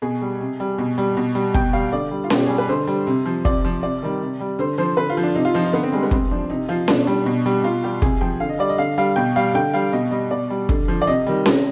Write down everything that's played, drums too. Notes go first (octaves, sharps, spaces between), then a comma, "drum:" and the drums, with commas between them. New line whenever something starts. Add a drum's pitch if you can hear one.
B2 G#4
G3
C3
G3
B2
G3
B2
G3
B2 G5, drum: kick
G3 F5
D3 D5
G3
F4
B2, drum: snare C#4
G4
G3 G#4
B4
D3 C5
G3
C3
F3
C3 D5, drum: kick
F3
C3 D5
D#3 G3
C3
G3
D3 C5
F3 C5
D3 B4
F4
F3
D4
C3 D#4
F4
F3 D#4
D#4
D3 B3
C4
G3 G#3
B3
C3 C4, drum: kick
F3 D4
C3 D#4
F3 F4
B2 D4, drum: snare C#4
G3
B2
G3
B2 F4
G3 G4
C3 G#4, drum: kick
F3 G5
D3 F5
D#5
G3 D5
D#5
D3 F5
G3 F5
B2 G5
G3 F5
D3 G5
G3 F5
B2 D#5
G3 D#5
B2 D5
G3
D3, drum: kick
F3
D5
C3 D#5
D#3 G3
C3, drum: snare C#4